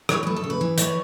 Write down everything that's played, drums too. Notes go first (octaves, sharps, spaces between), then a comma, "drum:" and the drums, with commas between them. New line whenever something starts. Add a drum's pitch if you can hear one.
E3 C#5, drum: rim click
A3 B4
A4
C#3
B4
E3
E3 C#5, drum: hi-hat